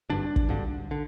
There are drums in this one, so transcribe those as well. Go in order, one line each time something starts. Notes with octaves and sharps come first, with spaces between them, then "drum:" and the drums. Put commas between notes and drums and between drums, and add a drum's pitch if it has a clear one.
G#1 G2 D3 D4
drum: kick
G#1 G2 D3
D3